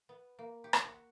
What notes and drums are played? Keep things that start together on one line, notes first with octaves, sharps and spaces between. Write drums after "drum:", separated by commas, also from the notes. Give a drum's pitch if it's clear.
B3
A#3
G4
drum: rim click
F#4